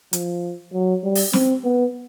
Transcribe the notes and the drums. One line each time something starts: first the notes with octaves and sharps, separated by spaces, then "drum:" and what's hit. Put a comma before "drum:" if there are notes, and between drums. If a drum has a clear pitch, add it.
F3, drum: hi-hat
F#3
G3
drum: open hi-hat
C4, drum: snare
B3